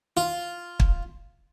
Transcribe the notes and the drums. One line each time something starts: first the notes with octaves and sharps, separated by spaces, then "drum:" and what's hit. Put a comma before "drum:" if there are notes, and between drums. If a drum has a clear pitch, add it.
F4
drum: kick